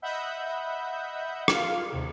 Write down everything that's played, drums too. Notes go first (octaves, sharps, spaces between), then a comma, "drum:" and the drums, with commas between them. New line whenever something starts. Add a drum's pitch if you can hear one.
D#5 E5 F#5 B5 G6
F4 F5, drum: rim click
D#2 C3